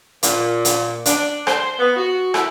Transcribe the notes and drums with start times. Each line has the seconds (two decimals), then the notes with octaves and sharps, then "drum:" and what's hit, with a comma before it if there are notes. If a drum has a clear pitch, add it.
0.23 A#2, drum: hi-hat
0.65 drum: hi-hat
1.05 D4, drum: hi-hat
1.47 C5, drum: rim click
1.79 B3
1.96 F#4
2.34 E4, drum: rim click